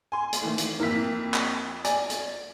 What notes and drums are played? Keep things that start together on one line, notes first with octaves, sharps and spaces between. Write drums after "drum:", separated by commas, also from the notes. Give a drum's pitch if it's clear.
G#5 C6
drum: hi-hat
D#3 E3 A3
drum: hi-hat
F2 A#3 E4 B6
drum: clap
D5 G#5, drum: hi-hat
drum: hi-hat